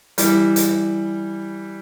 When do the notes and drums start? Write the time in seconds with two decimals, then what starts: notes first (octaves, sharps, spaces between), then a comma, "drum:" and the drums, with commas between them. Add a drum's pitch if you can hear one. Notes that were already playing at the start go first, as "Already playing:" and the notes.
0.18 E3 G3, drum: hi-hat
0.56 drum: hi-hat